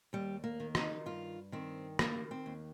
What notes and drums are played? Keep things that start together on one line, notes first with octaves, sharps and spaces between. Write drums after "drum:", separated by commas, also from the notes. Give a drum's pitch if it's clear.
D#2 G3
A#3
D#3
D#4, drum: rim click
G2 F4
D#3 C4
D#3 A#3, drum: rim click
C4
D#2